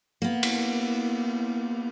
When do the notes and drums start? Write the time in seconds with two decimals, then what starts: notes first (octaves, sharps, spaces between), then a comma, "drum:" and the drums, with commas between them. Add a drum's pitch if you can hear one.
0.22 A#3 B3
0.43 drum: cymbal